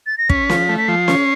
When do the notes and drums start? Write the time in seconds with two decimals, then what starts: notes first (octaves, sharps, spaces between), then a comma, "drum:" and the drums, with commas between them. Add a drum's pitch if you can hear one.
0.07 A6
0.18 A#6
0.29 C#4 B6, drum: kick
0.49 F3, drum: snare C#4
0.69 A3
0.78 B6
0.88 F3 C7
1.08 C#4, drum: snare C#4